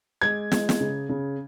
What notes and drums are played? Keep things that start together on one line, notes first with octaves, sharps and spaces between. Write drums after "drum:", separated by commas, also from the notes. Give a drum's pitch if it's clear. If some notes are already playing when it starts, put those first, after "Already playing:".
G#3 G#6
G#3, drum: snare
drum: snare
C#3
C#3